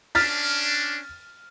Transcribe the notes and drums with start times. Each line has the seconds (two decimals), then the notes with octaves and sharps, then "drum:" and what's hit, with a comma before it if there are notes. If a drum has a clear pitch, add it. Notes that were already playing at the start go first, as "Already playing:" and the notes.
0.15 C#4 D4 F6 A6 B6, drum: open hi-hat